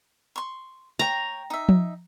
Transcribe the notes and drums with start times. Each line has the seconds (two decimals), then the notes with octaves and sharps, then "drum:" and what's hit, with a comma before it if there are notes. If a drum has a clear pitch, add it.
0.36 C6 C#6
0.99 C#5 G5 A#5
1.50 D#4 E5
1.69 drum: tom F3